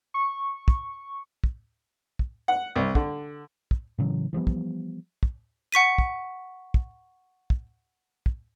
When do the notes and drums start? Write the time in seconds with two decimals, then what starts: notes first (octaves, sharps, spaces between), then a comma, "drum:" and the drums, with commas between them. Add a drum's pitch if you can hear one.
0.14 C#6
0.68 drum: kick
1.44 drum: kick
2.19 drum: kick
2.48 F#5
2.76 C2
2.95 D3, drum: kick
3.71 drum: kick
3.98 A2 C#3 E3 F#3
4.33 E3 F3 G3 B3
4.47 drum: kick
5.23 drum: kick
5.72 F#5 C#6 B6 D#7
5.98 drum: kick
6.74 drum: kick
7.50 drum: kick
8.26 drum: kick